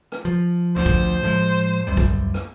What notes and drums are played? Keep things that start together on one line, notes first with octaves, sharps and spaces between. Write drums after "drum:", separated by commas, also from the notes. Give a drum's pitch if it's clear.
drum: rim click
F3
D2 F3 C5
drum: kick
A2 F3 G#3
C#2 F#2 G3
drum: kick
drum: rim click